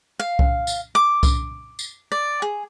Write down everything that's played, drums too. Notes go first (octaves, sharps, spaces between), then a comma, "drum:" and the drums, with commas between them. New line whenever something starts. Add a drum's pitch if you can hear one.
F5
drum: kick C2
drum: tambourine
D6
drum: kick C2, tambourine
drum: tambourine
D5
G#4